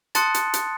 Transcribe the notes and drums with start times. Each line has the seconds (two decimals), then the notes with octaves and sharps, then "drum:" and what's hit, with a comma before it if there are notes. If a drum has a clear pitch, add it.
0.15 A5 C6 D#6 F#6 A6 C#7, drum: hi-hat
0.34 drum: hi-hat
0.54 drum: hi-hat